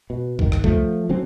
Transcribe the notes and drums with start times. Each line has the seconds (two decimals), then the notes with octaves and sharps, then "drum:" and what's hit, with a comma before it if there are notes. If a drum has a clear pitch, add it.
0.10 B2
0.39 G1 D#3, drum: kick C2
0.52 drum: rim click
0.64 F3 A3, drum: kick C2
1.09 D3 F#3 C4 C#4